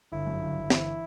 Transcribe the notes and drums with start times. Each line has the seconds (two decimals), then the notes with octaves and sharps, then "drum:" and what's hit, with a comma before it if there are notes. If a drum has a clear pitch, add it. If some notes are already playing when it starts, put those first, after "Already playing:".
0.12 G1 E4
0.27 F#2
0.42 G1
0.56 G1
0.70 E3 E4, drum: snare